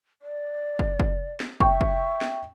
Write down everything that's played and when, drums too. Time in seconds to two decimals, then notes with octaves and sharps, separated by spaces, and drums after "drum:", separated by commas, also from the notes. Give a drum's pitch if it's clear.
0.22 D5
0.79 drum: kick
1.00 drum: kick
1.40 drum: snare
1.60 E5 G5 C#6, drum: kick
1.81 drum: kick
2.21 drum: snare